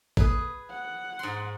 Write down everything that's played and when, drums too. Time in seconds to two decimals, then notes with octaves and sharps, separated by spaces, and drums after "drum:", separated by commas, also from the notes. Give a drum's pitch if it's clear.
0.17 D#3 A#3 G#4 A4 B4, drum: kick
0.71 F#5
1.19 G#2 C6